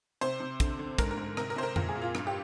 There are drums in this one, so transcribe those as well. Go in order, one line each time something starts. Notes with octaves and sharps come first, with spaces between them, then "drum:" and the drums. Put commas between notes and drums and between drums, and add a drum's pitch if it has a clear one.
C3 C5, drum: hi-hat
C3
D3, drum: kick, hi-hat
D3
G#2 A#4, drum: kick, hi-hat
A#4
G#2
C3 A#4, drum: rim click
A#4
C3 C5
A#4
A#2 A#4, drum: tom F2
G#4
A#2
F4
G2, drum: rim click
G4